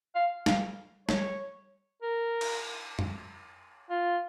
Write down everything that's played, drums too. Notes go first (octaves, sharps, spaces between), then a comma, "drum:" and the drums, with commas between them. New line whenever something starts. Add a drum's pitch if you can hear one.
F5
F5, drum: snare
C#5, drum: snare
A#4
drum: cymbal
drum: tom F2
F4